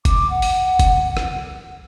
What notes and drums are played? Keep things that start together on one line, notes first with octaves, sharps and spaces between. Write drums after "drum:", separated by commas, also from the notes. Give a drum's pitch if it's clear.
D6, drum: kick F#1, hi-hat
F#5
drum: open hi-hat
drum: kick F#1, hi-hat
drum: rim click